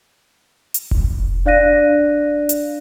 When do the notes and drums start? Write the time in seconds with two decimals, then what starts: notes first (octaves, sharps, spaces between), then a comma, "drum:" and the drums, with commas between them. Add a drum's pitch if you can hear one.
0.74 drum: hi-hat
0.91 drum: kick F1
1.46 D4 D5 F5 F#6 A#6 D#7
2.49 drum: hi-hat